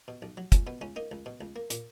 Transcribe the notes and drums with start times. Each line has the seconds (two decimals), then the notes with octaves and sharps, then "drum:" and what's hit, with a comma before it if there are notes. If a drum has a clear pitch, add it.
0.08 B2
0.22 B1
0.37 F#3
0.52 C#2 C#4, drum: kick, hi-hat
0.67 B2 B3
0.81 C#2 C#4
0.96 A#3 D#4
1.12 C#2
1.26 B2
1.41 C#2
1.56 A#3
1.70 A#2, drum: hi-hat